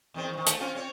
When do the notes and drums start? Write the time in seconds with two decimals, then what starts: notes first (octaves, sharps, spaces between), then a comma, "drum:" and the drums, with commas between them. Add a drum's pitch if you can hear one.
0.14 E2 D#3 C4
0.33 G2 D#3
0.46 A3, drum: hi-hat
0.60 C4 C#4 F4
0.75 C4 C#5